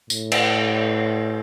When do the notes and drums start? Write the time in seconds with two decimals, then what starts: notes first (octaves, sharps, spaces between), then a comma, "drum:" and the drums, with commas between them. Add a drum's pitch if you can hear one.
0.10 A2, drum: tambourine
0.32 drum: cymbal